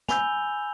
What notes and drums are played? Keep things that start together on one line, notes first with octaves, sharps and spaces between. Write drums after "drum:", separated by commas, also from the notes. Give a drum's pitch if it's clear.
G#5 B5 E6 G6 F7 G7, drum: snare